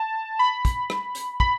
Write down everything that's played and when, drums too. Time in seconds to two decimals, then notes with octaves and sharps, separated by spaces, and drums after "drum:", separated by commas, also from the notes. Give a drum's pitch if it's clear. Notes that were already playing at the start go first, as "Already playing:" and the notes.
Already playing: A5
0.39 B5
0.65 drum: kick, hi-hat
0.90 drum: rim click
1.15 drum: hi-hat
1.40 B5, drum: kick